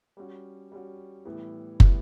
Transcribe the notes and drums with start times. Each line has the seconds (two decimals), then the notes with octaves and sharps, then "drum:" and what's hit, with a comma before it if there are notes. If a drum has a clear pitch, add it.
0.17 G3 C#4 F#4
0.72 G3 C#4 F#4
1.25 A2 E3 G3 B3
1.80 A2 E3 G3 B3, drum: kick